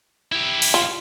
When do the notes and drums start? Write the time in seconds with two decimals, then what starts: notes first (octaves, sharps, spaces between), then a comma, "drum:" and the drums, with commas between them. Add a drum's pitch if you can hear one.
0.32 E4 G4
0.62 drum: open hi-hat
0.74 F4